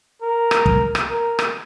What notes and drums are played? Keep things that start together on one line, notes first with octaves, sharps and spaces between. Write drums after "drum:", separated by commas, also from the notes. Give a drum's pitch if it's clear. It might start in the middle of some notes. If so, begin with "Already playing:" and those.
A#4
drum: rim click
drum: kick
drum: rim click
A#4
drum: rim click